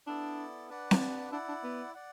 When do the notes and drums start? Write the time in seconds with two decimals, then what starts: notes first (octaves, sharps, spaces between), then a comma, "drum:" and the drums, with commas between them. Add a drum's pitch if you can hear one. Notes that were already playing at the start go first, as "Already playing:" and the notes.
0.07 B3 D4 E4 A4 D5
0.69 D4 B4 D5 F#5
0.91 drum: snare C4
1.31 D4 E4 D5 F#5
1.48 D4
1.64 B3
1.94 D5 F#5